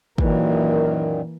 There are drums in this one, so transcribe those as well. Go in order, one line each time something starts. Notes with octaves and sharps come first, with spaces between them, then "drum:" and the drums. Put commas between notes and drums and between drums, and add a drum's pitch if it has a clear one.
F#2 A#2 D#3 E3 A#3, drum: kick